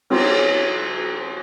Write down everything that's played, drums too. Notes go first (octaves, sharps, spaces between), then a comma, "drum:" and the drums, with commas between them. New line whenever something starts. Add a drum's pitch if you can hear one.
F#3 G4 C5, drum: cymbal